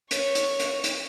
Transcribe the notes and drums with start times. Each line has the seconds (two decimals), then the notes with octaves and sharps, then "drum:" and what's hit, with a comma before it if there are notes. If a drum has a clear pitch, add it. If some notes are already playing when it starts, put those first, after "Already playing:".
0.11 C#5, drum: hi-hat
0.35 drum: hi-hat
0.59 drum: hi-hat
0.84 drum: hi-hat